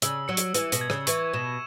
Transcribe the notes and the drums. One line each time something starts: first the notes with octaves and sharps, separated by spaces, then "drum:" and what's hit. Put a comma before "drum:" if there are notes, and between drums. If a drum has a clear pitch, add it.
C#3 E6, drum: hi-hat
F#3 C#7
drum: hi-hat
E3 E6, drum: hi-hat
B2, drum: hi-hat
G#6
C#3, drum: rim click
E3 C#6, drum: hi-hat
B2 E7